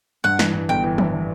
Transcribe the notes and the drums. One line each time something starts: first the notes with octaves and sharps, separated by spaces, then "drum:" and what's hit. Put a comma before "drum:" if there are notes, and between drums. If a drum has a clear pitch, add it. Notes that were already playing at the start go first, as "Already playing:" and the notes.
G2 F#5
E3, drum: snare
G2
G1 G5
E3
E3, drum: tom